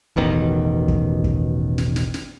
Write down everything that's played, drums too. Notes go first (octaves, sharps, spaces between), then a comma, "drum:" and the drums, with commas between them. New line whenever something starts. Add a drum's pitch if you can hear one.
E1 A1 B2 D#3
drum: kick
drum: kick
drum: snare
drum: snare
drum: snare